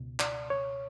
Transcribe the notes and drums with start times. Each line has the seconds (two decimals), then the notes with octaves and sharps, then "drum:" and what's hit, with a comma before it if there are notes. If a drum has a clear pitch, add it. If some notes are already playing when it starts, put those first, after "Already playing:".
Already playing: C#2 B2
0.20 D5, drum: clap
0.50 C#5